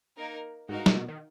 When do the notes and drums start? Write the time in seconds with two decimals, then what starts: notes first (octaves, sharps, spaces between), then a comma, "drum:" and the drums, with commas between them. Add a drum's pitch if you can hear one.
0.16 A#3 D#4 A#4
0.69 G#2 D#4 F#4 A#4 F5
0.86 A#2, drum: snare
0.95 B2
1.08 D#3